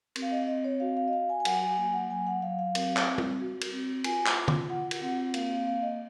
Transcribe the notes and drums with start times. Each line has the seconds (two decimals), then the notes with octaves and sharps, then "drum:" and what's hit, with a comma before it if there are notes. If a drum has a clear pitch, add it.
0.16 C4, drum: cymbal
0.22 F5
0.32 D#5
0.47 C4 D#5
0.64 C#5
0.80 F#4 F5
0.97 F5
1.08 D#5
1.13 F#4 F5
1.29 G#5
1.40 G#5
1.45 F#3 F#5, drum: cymbal
1.62 G#5
1.77 A#3 G#5
1.93 F#5
2.10 F#3 G#5
2.27 F#5
2.42 F#3 F5
2.59 F5
2.75 C4, drum: cymbal
2.97 drum: clap
3.08 C4
3.18 drum: tom
3.40 F#4
3.61 drum: cymbal
3.72 C4
4.04 F4 G#5, drum: cymbal
4.26 drum: clap
4.36 F4
4.48 drum: tom D3
4.69 F4 F#5
4.91 drum: cymbal
5.01 C4 F#5
5.34 A#3 F5, drum: cymbal
5.51 F5
5.67 A#3 F5
5.82 D#5